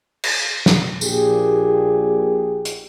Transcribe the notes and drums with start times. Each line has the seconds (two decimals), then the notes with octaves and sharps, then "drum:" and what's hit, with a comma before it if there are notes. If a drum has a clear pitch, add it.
0.24 drum: cymbal
0.66 drum: snare
1.01 A#1 A#2 G4 G#4, drum: tambourine
2.65 drum: hi-hat